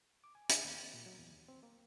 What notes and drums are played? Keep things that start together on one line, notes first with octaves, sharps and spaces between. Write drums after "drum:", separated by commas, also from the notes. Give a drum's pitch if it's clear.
D6
G#5
E4, drum: hi-hat
D#2
C4
A#2
F#3
E2
D#2
C4
A#3